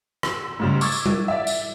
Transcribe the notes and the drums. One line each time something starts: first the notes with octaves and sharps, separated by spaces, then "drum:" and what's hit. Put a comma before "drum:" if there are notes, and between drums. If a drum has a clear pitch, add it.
E6, drum: rim click
G#2 C#3 G3
C#6 D6 E6 G#6 A6, drum: tambourine
drum: tambourine
drum: tom G3
D5 E5
drum: tambourine